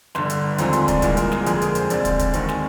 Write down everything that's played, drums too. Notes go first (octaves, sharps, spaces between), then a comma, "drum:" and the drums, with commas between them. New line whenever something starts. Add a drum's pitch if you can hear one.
G1 G2 D3 C6, drum: snare
drum: hi-hat
D#2 D3 F3 G#3 C4 A#5, drum: hi-hat
C6, drum: hi-hat
D5, drum: kick, hi-hat
C2 A#2 G#3 A#4, drum: kick, hi-hat
A#4, drum: hi-hat
G#4, drum: snare
F2 D3 G#3 G#4, drum: hi-hat
A#4, drum: hi-hat
C5, drum: hi-hat
D2 D3 G#3 C4 D5, drum: hi-hat
drum: kick, hi-hat
drum: kick, hi-hat
D#2 D#3 G#3 C4, drum: hi-hat
drum: snare